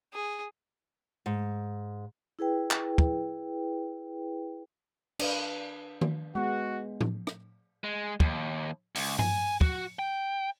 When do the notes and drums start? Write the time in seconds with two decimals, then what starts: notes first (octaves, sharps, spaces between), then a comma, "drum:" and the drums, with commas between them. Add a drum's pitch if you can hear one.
0.13 G#4
1.26 G#2
2.39 E4 G#4 B4 G5
2.71 drum: clap
2.98 drum: kick
5.19 D4 B4 F5, drum: cymbal
6.01 drum: tom D#3
6.35 G#3 B3 F#4
7.01 drum: tom A2
7.27 drum: rim click
7.84 G#3
8.20 D#2, drum: kick
8.95 C#2, drum: open hi-hat
9.19 G#5, drum: tom G2
9.61 F#4, drum: kick
9.99 G5